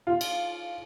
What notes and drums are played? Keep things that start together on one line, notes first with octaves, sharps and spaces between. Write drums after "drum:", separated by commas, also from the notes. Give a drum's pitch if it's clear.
F4
drum: cymbal